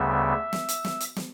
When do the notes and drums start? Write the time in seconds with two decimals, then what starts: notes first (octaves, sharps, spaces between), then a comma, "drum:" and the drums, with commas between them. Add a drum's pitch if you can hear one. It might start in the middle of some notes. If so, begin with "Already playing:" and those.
Already playing: D2 C#3 G3 B3 E5
0.53 drum: snare
0.69 drum: hi-hat
0.85 drum: snare
1.00 drum: hi-hat
1.16 drum: snare